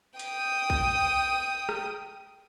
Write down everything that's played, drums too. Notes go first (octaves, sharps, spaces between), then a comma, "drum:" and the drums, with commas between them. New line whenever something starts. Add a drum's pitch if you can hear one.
G5 D#6, drum: hi-hat
drum: kick
drum: rim click